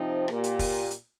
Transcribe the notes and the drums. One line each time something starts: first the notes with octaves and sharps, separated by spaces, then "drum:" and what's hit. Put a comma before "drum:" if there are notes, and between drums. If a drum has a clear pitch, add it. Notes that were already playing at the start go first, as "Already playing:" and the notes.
Already playing: C3 F3 C4 D#4
A#2 A#3 G4, drum: rim click
drum: hi-hat
drum: kick, open hi-hat
drum: hi-hat